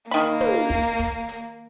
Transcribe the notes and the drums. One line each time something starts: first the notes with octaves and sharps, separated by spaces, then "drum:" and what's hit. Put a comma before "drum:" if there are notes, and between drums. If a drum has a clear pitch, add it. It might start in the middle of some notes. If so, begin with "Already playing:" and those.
D#3 A#3 B5, drum: hi-hat
drum: tom
drum: kick, hi-hat
drum: kick, hi-hat
drum: hi-hat